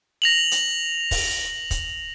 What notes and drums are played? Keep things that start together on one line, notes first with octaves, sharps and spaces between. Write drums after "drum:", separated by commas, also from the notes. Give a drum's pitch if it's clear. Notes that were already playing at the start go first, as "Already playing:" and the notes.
A#6 F7 F#7
drum: hi-hat
drum: kick, open hi-hat
drum: kick, hi-hat